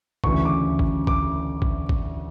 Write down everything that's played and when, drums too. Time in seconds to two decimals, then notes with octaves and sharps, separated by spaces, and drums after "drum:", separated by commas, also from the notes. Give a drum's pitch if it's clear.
0.24 D2 C#3 E3 C#6, drum: kick G#1
0.45 D6
0.79 drum: kick G#1
1.07 D6, drum: kick G#1
1.62 drum: kick G#1
1.89 drum: kick G#1